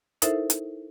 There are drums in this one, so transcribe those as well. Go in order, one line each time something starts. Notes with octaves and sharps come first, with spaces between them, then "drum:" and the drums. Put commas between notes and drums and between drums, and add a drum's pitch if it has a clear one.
D#4 E4 A4 A#4 C5 E5, drum: hi-hat
drum: hi-hat